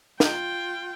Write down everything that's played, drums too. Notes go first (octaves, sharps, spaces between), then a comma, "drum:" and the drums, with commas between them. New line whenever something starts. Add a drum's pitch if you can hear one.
F4 G5, drum: snare